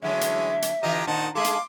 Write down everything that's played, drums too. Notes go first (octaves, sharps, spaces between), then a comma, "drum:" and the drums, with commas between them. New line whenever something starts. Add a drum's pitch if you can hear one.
D3 E3 F#3 G#3 A3 C#4 E5
drum: hi-hat
drum: hi-hat
D3 E3 F4 G4 D#5 A#5
A#2 D#3 D#4 C5 F#5 A5
G#3 G#4 A4 F5 C6 D6
drum: hi-hat